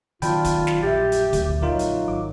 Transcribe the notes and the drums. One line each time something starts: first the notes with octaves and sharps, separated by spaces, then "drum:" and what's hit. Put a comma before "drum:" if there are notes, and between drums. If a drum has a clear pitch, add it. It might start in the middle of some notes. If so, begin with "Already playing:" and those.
B2 D#3 F#3 F4 D5 G5 A5 B5, drum: hi-hat
drum: kick, hi-hat
drum: snare
A#1 F#2 G4 E5 A6
drum: hi-hat
D2, drum: kick, hi-hat
F#3 D#4 F4 A#4
drum: hi-hat
G#1 D6